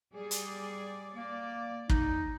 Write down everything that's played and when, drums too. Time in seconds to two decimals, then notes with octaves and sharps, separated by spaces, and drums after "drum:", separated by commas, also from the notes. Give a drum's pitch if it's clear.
0.14 G3 G#4 D5
0.31 drum: hi-hat
1.15 A#3 D5
1.90 D#4, drum: kick